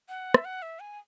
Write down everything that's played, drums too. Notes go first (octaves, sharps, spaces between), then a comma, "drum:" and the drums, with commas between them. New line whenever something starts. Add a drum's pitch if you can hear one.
F#5
E5, drum: rim click
F#5
E5
G#5